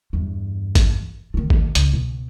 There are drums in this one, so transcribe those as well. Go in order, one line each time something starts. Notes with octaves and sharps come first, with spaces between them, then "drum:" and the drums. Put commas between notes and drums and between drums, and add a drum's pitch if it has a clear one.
E2 G2
drum: kick G#1, hi-hat
D#3 A3
drum: kick G#1
C#2, drum: hi-hat
B2